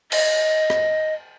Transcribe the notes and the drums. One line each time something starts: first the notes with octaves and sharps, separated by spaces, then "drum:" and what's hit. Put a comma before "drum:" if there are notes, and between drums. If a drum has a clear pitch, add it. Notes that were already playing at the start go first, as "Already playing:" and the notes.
D#5, drum: cymbal
drum: rim click